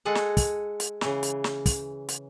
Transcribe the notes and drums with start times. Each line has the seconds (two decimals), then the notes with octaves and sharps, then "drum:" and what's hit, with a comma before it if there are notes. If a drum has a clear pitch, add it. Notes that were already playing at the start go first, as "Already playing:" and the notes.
0.05 G#3 G#4 A4 F#5
0.15 drum: snare
0.37 drum: kick, open hi-hat
0.80 drum: hi-hat
1.01 C#3 E3, drum: snare
1.23 drum: hi-hat
1.44 drum: snare
1.66 drum: kick, open hi-hat
2.09 drum: hi-hat